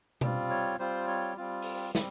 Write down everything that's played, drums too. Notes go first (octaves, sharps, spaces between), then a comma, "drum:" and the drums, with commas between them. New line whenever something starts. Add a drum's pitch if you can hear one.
G3 C4 F4, drum: tom B2
C#5
G3 C4 F4 C5
C#5
G3 C4 F4
drum: open hi-hat
G3 C4, drum: snare